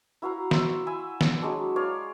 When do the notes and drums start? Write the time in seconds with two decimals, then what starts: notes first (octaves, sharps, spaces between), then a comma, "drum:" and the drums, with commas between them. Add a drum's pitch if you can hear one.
0.22 E4 F#4 F5 A#5
0.51 E5 C6, drum: snare
0.87 E4 G#5 E6
1.21 drum: snare
1.42 F#3 G#3 D4
1.76 C#5 D5 F5